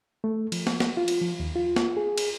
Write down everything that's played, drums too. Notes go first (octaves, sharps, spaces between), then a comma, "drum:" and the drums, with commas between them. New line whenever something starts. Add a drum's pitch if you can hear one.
A3
F3, drum: cymbal
drum: snare
drum: snare
F4
drum: cymbal
F3
D#2
F4
drum: snare
G#4
drum: cymbal